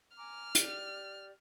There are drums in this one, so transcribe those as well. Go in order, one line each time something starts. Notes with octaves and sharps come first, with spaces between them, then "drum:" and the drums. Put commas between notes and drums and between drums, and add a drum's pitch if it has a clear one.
G#5 A#5 D6 F6
G4 D5, drum: hi-hat